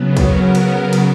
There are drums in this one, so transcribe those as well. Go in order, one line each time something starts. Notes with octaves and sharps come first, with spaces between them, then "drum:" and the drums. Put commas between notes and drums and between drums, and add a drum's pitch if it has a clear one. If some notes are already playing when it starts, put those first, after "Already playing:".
Already playing: C#3 F#3 B3
A#4, drum: kick, cymbal
A#4, drum: cymbal
drum: cymbal